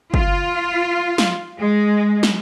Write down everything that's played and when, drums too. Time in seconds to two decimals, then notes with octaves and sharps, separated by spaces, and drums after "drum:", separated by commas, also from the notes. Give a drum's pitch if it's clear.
0.14 F4, drum: kick
1.18 drum: snare
1.59 G#3
2.23 drum: snare